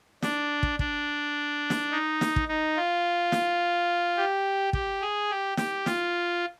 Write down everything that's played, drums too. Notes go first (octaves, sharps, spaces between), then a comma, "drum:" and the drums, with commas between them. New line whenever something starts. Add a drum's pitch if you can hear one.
D4, drum: snare
drum: kick
D4, drum: kick
drum: snare
D#4
drum: snare
drum: kick
D#4
F4
drum: snare
G4
G4, drum: kick
G#4
G4
G4, drum: snare
F4, drum: snare